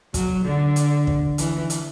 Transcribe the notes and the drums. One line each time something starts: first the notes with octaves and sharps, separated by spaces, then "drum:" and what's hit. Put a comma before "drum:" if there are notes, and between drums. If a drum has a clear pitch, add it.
F#3, drum: kick, hi-hat
D3
drum: hi-hat
drum: kick
E3, drum: hi-hat
drum: hi-hat